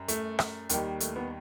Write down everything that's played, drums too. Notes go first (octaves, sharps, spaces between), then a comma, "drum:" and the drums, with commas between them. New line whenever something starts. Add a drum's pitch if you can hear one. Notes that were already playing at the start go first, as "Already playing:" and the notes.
Already playing: F#2 G3
A3, drum: hi-hat
drum: rim click
D#2 D#3 G3, drum: hi-hat
A3, drum: hi-hat
B3